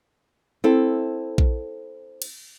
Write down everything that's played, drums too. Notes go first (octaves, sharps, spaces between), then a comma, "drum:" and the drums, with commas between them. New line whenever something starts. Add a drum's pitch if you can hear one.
C4 E4 A4
drum: kick A#1
drum: cymbal